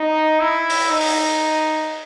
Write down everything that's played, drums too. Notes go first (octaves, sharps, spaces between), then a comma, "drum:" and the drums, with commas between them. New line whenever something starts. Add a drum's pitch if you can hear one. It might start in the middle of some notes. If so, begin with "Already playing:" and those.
Already playing: D#4
E4
drum: open hi-hat
D#4
drum: open hi-hat